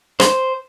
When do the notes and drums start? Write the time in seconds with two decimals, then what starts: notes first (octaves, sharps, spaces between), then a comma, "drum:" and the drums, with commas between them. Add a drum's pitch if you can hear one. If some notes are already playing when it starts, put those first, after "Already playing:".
0.20 C5, drum: rim click